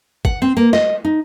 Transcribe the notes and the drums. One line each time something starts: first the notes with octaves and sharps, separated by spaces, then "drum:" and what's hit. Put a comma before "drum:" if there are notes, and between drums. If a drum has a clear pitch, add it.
F#5, drum: kick G1
C4
A#3
D#5, drum: snare
D#4